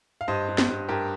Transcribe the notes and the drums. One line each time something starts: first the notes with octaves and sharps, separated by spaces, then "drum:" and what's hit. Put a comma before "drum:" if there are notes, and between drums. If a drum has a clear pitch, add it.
F5
G2 C5 D#5
G2
drum: snare
G2
G2 G4 A#4